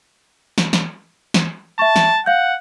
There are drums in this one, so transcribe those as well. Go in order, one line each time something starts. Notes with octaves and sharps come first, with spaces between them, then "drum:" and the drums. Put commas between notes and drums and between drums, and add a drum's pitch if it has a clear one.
drum: snare
drum: snare
drum: snare
E5 A5 C#6
drum: snare
F5 F#5 G6